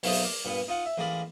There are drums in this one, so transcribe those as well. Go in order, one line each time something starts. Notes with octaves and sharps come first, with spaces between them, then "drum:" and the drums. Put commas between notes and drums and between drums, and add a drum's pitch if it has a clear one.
B1 A3 A#3 C5 D#5, drum: open hi-hat
A#4 D6
G2 A#2 B3
D#4 F4 F#5
E5
A1 G#3 A#3 A#4 D5 B5